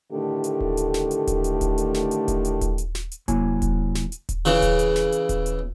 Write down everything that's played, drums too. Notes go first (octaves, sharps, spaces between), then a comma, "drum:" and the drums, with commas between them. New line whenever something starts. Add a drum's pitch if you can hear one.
A2 D3 D#3 A3 G4
drum: hi-hat
drum: kick D#1
drum: hi-hat
drum: snare
drum: hi-hat
drum: kick D#1, hi-hat
drum: hi-hat
drum: kick D#1, hi-hat
drum: hi-hat
drum: snare
drum: hi-hat
drum: kick D#1, hi-hat
drum: hi-hat
drum: kick D#1, hi-hat
drum: hi-hat
drum: snare
drum: hi-hat
C3 F#3 A#3 E4 C#5 G#5, drum: kick D#1, hi-hat
drum: kick D#1, hi-hat
drum: snare
drum: hi-hat
drum: kick D#1, hi-hat
C#3 E3, drum: hi-hat
drum: kick D#1, hi-hat
drum: hi-hat
drum: snare
drum: hi-hat
drum: kick D#1, hi-hat
drum: hi-hat